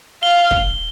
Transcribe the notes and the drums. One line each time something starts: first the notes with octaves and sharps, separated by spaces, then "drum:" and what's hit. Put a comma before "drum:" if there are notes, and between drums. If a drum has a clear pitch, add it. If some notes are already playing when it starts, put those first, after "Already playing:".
F5 G7
drum: kick